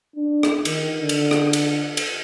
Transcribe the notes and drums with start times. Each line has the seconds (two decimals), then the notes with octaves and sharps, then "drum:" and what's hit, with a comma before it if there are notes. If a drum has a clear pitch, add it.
0.16 D4
0.43 drum: rim click
0.65 D#3, drum: cymbal
0.99 D3
1.09 drum: cymbal
1.31 drum: rim click
1.53 drum: cymbal
1.97 drum: cymbal